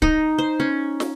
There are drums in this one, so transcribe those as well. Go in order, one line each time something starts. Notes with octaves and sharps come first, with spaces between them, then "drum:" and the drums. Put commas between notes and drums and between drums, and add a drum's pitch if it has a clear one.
D#4, drum: kick C#1
C5
C#4
drum: snare